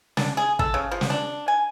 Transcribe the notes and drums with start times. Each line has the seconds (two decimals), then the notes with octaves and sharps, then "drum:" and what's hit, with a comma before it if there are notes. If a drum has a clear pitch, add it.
0.17 D4, drum: snare
0.37 G#4
0.59 A4, drum: kick
0.74 C#3
0.91 F3
1.01 drum: snare
1.10 D4
1.48 G#5